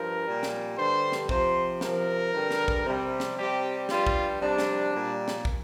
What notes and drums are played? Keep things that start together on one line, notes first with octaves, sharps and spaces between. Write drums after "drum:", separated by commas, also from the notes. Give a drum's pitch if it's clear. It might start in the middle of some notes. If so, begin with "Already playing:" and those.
Already playing: G2 F3 A#4
A#2 G3
drum: snare
G2 D3 G3 C5
drum: snare
C3 F3 C5, drum: kick
C3 F3 A#4, drum: snare
G2 D3 G3
drum: snare
drum: kick
C3 G3
drum: snare
C3 G3 G4
G2 G3 F4, drum: snare
drum: kick
C3 G3 D4
drum: snare
A#2 G3
drum: snare
drum: kick